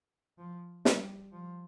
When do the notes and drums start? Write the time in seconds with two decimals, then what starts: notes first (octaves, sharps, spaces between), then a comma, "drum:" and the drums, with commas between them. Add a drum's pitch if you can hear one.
0.38 F3
0.85 G3, drum: snare
1.32 F3